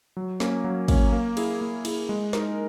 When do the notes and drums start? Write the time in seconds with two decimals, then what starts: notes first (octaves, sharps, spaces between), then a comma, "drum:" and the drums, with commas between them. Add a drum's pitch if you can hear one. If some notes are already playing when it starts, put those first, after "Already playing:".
0.17 F#3
0.40 A#3 C#4, drum: snare
0.64 F#3
0.88 A#3 C#4, drum: kick, cymbal
1.12 A#3
1.37 E4 G#4, drum: cymbal
1.61 A#3
1.85 E4 G#4, drum: cymbal
2.09 G#3
2.33 D#4 A#4, drum: snare